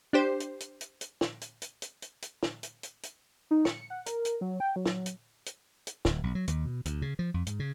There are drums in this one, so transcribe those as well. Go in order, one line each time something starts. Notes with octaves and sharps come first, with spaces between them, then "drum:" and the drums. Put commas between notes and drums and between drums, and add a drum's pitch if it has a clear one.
D4 G4 C5
drum: hi-hat
drum: hi-hat
drum: hi-hat
drum: hi-hat
drum: snare
drum: hi-hat
drum: hi-hat
drum: hi-hat
drum: hi-hat
drum: hi-hat
drum: snare
drum: hi-hat
drum: hi-hat
drum: hi-hat
D#4
C#7, drum: snare
F#5
A#4, drum: hi-hat
drum: hi-hat
F#3
G5
F#3
drum: snare
drum: hi-hat
drum: hi-hat
drum: hi-hat
D1, drum: snare
B1
F#3
D#2, drum: hi-hat
B2
D2, drum: hi-hat
C#3
F3
F2
G#2, drum: hi-hat
C#3